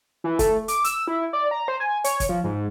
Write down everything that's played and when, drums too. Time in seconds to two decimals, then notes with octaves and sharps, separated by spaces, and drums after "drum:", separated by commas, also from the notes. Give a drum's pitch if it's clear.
0.24 E3
0.39 A3, drum: kick, hi-hat
0.68 D6, drum: hi-hat
0.84 E6, drum: hi-hat
1.08 E4
1.33 D5
1.51 A#5
1.68 C5
1.80 G#5
2.04 C#5, drum: hi-hat
2.20 drum: kick, hi-hat
2.29 F3
2.44 G#2